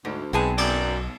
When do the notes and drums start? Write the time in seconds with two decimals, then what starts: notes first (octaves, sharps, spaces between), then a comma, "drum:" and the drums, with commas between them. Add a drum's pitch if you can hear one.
0.05 D2 G#2
0.33 B1 G#3 B3 C4 G#4 A5
0.58 F#2 D5, drum: cymbal